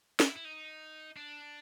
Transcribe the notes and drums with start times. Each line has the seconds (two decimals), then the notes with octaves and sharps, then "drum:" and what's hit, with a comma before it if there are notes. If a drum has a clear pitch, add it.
0.20 E4, drum: snare
0.36 E4
0.45 D#4
1.17 D4